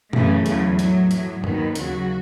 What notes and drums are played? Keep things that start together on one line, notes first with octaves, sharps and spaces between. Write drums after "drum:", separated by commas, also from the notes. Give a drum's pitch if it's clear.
F#2 C#3 E3 A3, drum: tom A#2
E2 C#3 F#3, drum: hi-hat
A2 F#3, drum: hi-hat
A2 F#3, drum: hi-hat
D#2 D#3 F#3 B3, drum: tom G2
D#2 C#3 F#3 F#4, drum: hi-hat